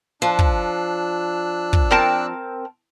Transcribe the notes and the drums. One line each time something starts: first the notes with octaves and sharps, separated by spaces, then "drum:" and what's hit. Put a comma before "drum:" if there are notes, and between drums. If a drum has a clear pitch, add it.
F3 D4 E6 F#6
drum: kick
drum: kick
C4 A#4 A5